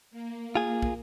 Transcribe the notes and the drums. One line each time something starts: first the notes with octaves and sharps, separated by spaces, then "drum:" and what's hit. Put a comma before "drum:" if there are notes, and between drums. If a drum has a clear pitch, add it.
A#3
F4 G#4
drum: kick